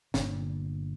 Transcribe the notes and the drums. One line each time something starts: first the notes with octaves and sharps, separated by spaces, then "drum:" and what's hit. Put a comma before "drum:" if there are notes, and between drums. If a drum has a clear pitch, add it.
G1 A#2 D3, drum: snare